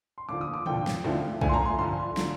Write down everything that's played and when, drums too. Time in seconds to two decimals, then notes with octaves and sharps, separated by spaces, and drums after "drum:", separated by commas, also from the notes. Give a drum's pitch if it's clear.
0.18 C6
0.29 D#2 D3 F3 D6
0.41 D#6
0.54 D6
0.66 D#2 D3 F3 G5, drum: tom
0.87 drum: snare
1.04 D2 D3 F3, drum: tom
1.41 D2 D3 F3 G#5, drum: kick B1
1.49 C6
1.53 A#5
1.65 C6
1.78 G2 D3 F3 C6
2.17 D3 F3, drum: snare